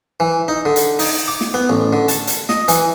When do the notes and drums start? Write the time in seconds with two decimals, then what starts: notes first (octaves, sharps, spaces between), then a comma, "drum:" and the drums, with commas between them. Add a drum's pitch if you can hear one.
0.20 E3
0.48 D#4
0.65 D3
0.76 drum: hi-hat
0.99 D#4, drum: open hi-hat
1.28 D6
1.41 drum: snare
1.54 B3
1.70 A1
1.93 D3
2.08 A5, drum: hi-hat
2.27 drum: hi-hat
2.49 D#5, drum: snare
2.68 E3, drum: hi-hat